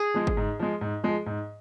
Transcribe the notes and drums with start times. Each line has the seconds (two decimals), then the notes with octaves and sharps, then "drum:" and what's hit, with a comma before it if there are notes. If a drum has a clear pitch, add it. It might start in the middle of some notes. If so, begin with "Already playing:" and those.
Already playing: G#4
0.14 F3 G#3
0.27 drum: kick G1
0.37 G#2
0.59 F3 G#3
0.81 G#2
1.03 F3 G#3
1.26 G#2